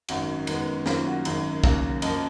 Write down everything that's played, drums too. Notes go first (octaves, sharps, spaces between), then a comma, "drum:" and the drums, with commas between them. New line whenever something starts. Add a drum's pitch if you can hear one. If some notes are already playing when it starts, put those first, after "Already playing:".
G#1 F#2 D#3 F#4, drum: cymbal
F#2 D#3 G#3 B3, drum: cymbal
F#2 D#3 F#3 A#3 F4, drum: snare
F#4
G#1 F#2 D#3 G#4, drum: cymbal
D#2 C#3 F#3 A#3, drum: kick
F#2 F3 A#3 D#5, drum: cymbal